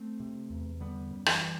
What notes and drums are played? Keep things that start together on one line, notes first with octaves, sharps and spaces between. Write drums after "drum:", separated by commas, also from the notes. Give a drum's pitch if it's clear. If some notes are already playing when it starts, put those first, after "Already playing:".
Already playing: A3 C4
C3
E2
D3 G3 B3
F#2
E3 G3, drum: rim click